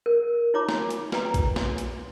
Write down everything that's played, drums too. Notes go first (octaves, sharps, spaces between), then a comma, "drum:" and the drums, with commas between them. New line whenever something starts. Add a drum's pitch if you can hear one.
A#4
D#4 F4 C#5 A#5 D6
drum: snare
drum: hi-hat
B4 G5 A#5, drum: snare
drum: kick A1, hi-hat
drum: snare
drum: hi-hat